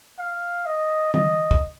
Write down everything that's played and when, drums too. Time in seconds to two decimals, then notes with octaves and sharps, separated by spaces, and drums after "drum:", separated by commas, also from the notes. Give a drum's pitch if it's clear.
0.18 F5
0.66 D#5
1.14 D#5, drum: tom D3
1.51 drum: kick